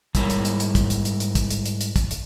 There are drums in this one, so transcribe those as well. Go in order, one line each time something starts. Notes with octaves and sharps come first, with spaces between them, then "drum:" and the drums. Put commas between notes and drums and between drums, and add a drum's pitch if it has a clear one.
G#2 G3 E4 A#4 C#5, drum: kick, hi-hat
drum: hi-hat
drum: hi-hat
drum: hi-hat
drum: kick, hi-hat
drum: hi-hat
drum: hi-hat
drum: hi-hat
drum: kick, hi-hat
drum: hi-hat
drum: hi-hat
drum: hi-hat
drum: kick, hi-hat
drum: hi-hat